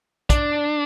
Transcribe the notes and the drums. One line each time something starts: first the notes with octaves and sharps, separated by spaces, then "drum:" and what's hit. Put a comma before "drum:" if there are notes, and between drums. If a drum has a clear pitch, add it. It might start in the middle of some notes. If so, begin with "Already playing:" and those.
D4, drum: kick, hi-hat